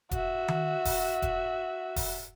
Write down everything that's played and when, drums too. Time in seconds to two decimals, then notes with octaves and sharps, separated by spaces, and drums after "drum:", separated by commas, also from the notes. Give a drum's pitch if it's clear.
0.11 F#4 E5, drum: kick E1, hi-hat
0.48 drum: tom D#3
0.85 drum: kick E1, open hi-hat
1.22 drum: kick E1, hi-hat
1.96 drum: kick E1, open hi-hat